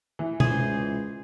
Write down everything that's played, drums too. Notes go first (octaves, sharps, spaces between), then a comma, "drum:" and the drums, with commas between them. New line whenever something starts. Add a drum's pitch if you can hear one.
E3
C#2 G#4 C5, drum: tom